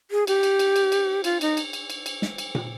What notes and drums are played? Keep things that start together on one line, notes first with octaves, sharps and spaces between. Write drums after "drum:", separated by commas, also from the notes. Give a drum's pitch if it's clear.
G#4
G4, drum: cymbal
drum: cymbal
drum: cymbal
drum: cymbal
drum: cymbal
F4, drum: cymbal
D#4, drum: cymbal
drum: cymbal
drum: cymbal
drum: cymbal
drum: cymbal
drum: snare
drum: cymbal
drum: tom A#2